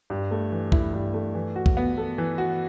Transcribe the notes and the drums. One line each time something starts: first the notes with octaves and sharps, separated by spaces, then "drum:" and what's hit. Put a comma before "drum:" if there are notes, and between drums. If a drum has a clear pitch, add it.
G2
A3
E3
E4, drum: kick
G2
A3
E3
F#4
drum: kick
B3
A4
E3
F#4